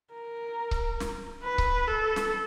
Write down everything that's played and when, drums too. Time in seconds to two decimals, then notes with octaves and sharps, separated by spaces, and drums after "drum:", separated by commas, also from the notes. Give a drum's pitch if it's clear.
0.14 A#4
0.71 drum: kick C#1
1.00 drum: snare
1.44 B4
1.58 drum: kick C#1
1.87 A4
2.16 drum: snare